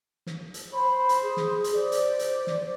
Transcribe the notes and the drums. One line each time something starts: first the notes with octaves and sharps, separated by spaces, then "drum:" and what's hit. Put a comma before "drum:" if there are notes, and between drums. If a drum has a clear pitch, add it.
drum: snare
drum: hi-hat
C5 B5
drum: hi-hat
G#4
drum: snare
drum: hi-hat
C5 D5
drum: hi-hat
drum: hi-hat
drum: snare